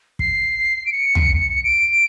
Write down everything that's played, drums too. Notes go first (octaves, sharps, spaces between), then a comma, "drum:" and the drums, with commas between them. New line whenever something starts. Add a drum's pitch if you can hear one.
C7, drum: kick
D7
C#7
drum: tom
D7